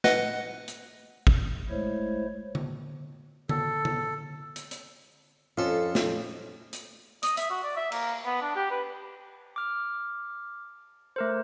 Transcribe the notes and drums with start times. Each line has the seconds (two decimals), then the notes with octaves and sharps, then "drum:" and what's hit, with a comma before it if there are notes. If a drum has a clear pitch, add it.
0.04 B4 D#5 F#5, drum: snare
0.68 drum: hi-hat
1.27 drum: kick
1.70 G#3 A3 E4 C5 C#5
2.55 drum: tom D3
3.49 A4, drum: tom D3
3.85 drum: tom D3
4.56 drum: hi-hat
4.71 drum: hi-hat
5.58 F2 C#4 F4 A4
5.95 drum: snare
6.73 drum: hi-hat
7.23 D#5, drum: hi-hat
7.37 E5, drum: hi-hat
7.50 F#4
7.64 D5
7.77 E5
7.92 A#3, drum: cymbal
8.26 B3
8.42 D4
8.56 G4
8.71 B4
9.56 D6 F6
11.16 A3 A#4 C5